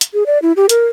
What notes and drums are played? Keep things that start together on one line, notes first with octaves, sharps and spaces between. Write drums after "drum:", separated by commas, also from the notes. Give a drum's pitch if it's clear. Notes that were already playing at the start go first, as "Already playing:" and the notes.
drum: hi-hat
G#4
D5
E4
G4
A#4, drum: hi-hat